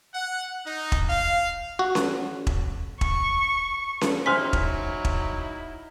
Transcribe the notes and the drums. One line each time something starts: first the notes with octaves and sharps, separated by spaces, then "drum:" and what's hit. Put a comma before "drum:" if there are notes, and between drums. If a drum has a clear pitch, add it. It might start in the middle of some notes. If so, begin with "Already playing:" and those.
F#5
D#4
drum: kick E1
F5
F#4
drum: snare C#4
drum: kick E1
C#6, drum: kick E1
drum: snare C#4
F#3 D#4 E4 C5 G#5 C6 F6 B6
drum: kick E1
drum: kick E1